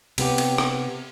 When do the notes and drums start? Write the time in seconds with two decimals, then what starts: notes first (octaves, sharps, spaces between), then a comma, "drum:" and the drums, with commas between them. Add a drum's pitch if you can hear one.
0.18 C3 B3 G4, drum: cymbal
0.38 drum: cymbal
0.58 drum: rim click